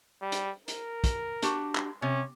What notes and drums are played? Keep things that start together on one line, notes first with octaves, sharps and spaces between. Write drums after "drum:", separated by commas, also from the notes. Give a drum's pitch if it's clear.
G3
drum: hi-hat
A#4, drum: hi-hat
drum: kick, hi-hat
D4 F#4 G4, drum: hi-hat
drum: clap
C3 C#4